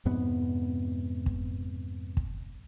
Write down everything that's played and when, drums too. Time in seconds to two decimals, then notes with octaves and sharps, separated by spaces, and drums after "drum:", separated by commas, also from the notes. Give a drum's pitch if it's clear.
0.05 F2 G#2 C3 B3
1.26 drum: kick
2.17 drum: kick